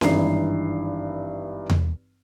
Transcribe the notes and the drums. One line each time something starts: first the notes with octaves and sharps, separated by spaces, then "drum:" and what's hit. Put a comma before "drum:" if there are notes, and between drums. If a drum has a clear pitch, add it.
G#1 G2 E3 D#4 C7, drum: snare C#4
drum: tom E2